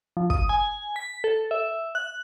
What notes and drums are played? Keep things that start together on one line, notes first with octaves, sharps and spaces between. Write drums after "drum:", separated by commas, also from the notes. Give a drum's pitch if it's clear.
F3
D#6, drum: kick
G#5
B6
A4
E5
F#6